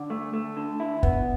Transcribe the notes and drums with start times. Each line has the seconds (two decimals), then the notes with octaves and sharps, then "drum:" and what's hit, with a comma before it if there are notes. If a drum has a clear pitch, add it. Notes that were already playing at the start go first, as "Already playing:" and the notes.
Already playing: D3
0.10 A3
0.34 A3
0.57 D3
0.80 E4
1.03 B3, drum: kick